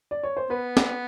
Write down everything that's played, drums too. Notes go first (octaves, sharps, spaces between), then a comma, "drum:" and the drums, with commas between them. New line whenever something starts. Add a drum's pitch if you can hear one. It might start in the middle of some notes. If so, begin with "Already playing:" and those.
D5
C#5
C5
B3 B4
drum: snare